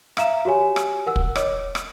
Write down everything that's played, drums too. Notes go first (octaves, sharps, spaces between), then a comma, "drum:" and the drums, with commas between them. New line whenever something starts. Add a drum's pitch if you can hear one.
E5 F5 A#5 E7, drum: rim click
F#4 G4 C#5 G#5
drum: rim click
A#4 F#5 E6
drum: kick
C#5 D#5 D6, drum: rim click
drum: rim click